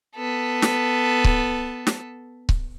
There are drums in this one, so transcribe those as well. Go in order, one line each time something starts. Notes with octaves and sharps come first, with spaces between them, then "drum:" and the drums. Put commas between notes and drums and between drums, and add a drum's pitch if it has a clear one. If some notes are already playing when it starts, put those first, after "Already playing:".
B3 A4
drum: snare
drum: kick C#1
drum: snare
drum: kick C#1